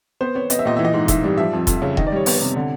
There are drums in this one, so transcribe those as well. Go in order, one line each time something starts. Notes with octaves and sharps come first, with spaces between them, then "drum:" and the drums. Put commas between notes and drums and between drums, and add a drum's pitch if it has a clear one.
B3 C5
B3 C#5
B3 D#5, drum: hi-hat
E5
A#2 D#5
E3 E5
D#5
G#2
G#2 E5, drum: kick E1, hi-hat
G3
F3 E5
F2
F2, drum: kick E1, hi-hat
C#3
D#3 D#5, drum: kick E1
D5
G3 C#5
B3 C#5, drum: open hi-hat
C3
D3